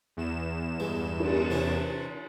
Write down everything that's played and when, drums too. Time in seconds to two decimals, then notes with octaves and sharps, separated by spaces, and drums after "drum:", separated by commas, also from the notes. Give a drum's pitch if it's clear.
0.17 E2 E7
0.80 G2 G#3
1.20 drum: cymbal
1.50 C3 E3 C#4